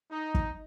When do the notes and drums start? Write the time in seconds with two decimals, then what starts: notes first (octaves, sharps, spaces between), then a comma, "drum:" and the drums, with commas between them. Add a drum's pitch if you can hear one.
0.11 D#4
0.34 drum: kick